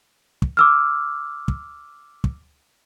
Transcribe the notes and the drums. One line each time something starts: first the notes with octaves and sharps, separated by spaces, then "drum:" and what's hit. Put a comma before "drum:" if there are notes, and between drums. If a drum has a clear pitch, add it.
drum: kick
D6 E6 F6
drum: kick
drum: kick